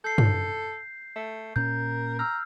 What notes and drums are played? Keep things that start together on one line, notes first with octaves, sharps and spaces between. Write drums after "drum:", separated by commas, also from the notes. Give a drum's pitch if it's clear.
A4 G6 C7
drum: tom
A3
A#2 C#4 A#4 G6
A#5 E6 F6